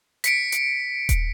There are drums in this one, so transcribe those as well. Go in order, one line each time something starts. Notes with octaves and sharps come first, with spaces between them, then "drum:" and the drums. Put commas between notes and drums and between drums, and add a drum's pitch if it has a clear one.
B6 C#7 D7, drum: hi-hat
drum: hi-hat
drum: kick D#1, hi-hat